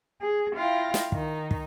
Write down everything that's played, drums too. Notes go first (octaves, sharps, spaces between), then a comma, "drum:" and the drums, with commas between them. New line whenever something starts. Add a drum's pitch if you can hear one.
G#4
E4 F4 F5 G5 A#6
drum: snare
D#3 D#4, drum: kick
drum: kick